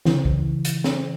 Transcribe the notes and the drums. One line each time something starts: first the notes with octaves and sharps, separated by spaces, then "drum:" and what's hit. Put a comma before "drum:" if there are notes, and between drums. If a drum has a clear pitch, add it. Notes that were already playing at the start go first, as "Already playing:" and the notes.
C#3 E3, drum: snare
drum: kick
drum: hi-hat
drum: snare